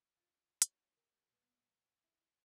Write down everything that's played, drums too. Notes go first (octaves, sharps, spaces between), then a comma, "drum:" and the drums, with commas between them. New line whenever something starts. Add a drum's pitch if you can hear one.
F4
D#4 F#4 C#5, drum: hi-hat
G4 A#4
A#2 G3 B3
E4